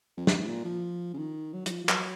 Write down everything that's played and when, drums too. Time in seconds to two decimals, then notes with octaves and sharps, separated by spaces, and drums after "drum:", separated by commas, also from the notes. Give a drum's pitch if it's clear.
0.17 F2
0.27 F#2, drum: snare
0.38 G#2
0.47 A#2
0.65 F3
1.14 C#3
1.18 D#3
1.53 F#3
1.66 F#3, drum: hi-hat
1.71 F3
1.84 F3
1.89 F#3, drum: clap